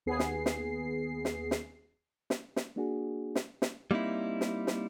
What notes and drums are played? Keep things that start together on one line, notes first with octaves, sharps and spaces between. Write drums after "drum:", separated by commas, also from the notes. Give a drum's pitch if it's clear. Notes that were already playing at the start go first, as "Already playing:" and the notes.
D#2 B3 G#4 C7
drum: snare
drum: snare
drum: snare
drum: snare
drum: snare
drum: snare
A#3 D4 F#4 G#4
drum: snare
drum: snare
G3 A#3 C4 D#4 E4
drum: snare
drum: snare